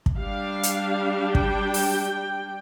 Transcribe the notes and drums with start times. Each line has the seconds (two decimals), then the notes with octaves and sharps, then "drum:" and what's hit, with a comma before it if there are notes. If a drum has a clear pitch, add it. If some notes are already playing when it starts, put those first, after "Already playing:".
0.06 drum: kick
0.18 G3 D4 F5
0.63 drum: hi-hat
1.35 G5, drum: kick
1.74 drum: open hi-hat